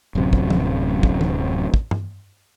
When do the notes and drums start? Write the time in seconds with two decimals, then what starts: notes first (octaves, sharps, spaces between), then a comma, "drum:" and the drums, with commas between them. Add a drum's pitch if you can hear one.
0.15 D1 F#2 C3
0.33 drum: kick
0.50 drum: tom F3
1.03 drum: kick
1.21 drum: tom E3
1.74 drum: kick
1.91 drum: tom G2